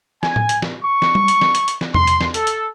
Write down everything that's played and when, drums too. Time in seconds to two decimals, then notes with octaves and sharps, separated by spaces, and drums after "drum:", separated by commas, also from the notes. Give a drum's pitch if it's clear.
0.23 G#5, drum: snare
0.36 drum: tom A2
0.49 drum: hi-hat
0.62 drum: snare
0.83 C#6
1.02 drum: snare
1.15 drum: tom G3
1.28 drum: hi-hat
1.41 drum: snare
1.55 drum: hi-hat
1.68 drum: hi-hat
1.81 drum: snare
1.94 C6, drum: tom E2
2.07 drum: hi-hat
2.21 drum: snare
2.34 A4, drum: hi-hat
2.47 drum: hi-hat